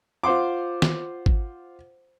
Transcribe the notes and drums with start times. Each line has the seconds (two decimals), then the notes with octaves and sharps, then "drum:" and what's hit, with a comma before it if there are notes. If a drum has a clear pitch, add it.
0.24 F4 C5 F#5 C6 D6
0.82 drum: snare
1.26 drum: kick G#1